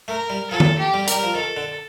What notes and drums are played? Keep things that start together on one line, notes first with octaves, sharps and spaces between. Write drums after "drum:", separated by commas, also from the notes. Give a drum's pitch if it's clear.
A3 A#4
G3
F3 A4
drum: tom D#3
G4
G3
G3 A#4, drum: hi-hat
F3
D#3 A4
D3